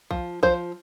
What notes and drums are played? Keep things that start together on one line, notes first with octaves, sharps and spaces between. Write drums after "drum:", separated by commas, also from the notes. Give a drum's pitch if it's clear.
F3, drum: kick
F3 C5, drum: kick